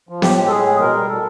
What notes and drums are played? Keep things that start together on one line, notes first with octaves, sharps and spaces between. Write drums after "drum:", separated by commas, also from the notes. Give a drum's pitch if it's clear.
F3
A2 G4, drum: snare B3
G#3
A4
A2 G#4
G#3
B2 A#4
G3
B2 A4